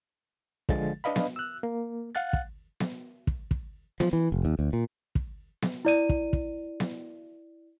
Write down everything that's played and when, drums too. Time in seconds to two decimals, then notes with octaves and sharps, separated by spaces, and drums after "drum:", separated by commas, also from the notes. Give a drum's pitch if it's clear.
0.69 D3 F3 G#3 A6, drum: kick
1.04 D4 B4 D#5 F5 B5
1.16 drum: snare B3
1.36 E6 F#6
1.63 A#3
2.15 F5 F#5 F#6 A6
2.33 drum: kick
2.80 drum: snare B3
3.27 drum: kick
3.51 drum: kick
4.00 F3, drum: snare B3
4.13 E3
4.32 F1
4.45 D#2
4.59 D2
4.73 A#2
5.15 drum: kick
5.62 drum: snare B3
5.85 E4 D5 D#7
6.09 drum: kick
6.33 drum: kick
6.80 drum: snare B3